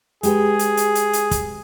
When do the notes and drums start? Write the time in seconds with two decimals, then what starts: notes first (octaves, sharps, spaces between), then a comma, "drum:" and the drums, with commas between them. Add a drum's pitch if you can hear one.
0.23 G#3 G4 G#4 B4, drum: hi-hat
0.59 drum: hi-hat
0.77 drum: hi-hat
0.95 drum: hi-hat
1.13 drum: hi-hat
1.31 drum: kick, hi-hat